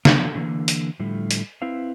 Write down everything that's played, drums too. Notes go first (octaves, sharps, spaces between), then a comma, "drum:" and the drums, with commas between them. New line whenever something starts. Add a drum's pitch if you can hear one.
C#3 F3 F#3 B3, drum: snare
D3 E3 A#3
drum: hi-hat
A2 D3 F3 G3 A3
drum: hi-hat
C4 E4 B4 F5